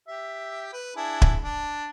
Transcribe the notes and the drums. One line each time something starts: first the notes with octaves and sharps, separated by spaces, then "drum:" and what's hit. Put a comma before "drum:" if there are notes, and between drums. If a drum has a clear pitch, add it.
G4 E5
B4
D4 E4 G#4
drum: kick
D4